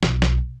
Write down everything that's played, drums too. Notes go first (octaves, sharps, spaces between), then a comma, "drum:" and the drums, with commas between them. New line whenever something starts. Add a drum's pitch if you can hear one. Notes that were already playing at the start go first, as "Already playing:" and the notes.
B1, drum: snare
drum: snare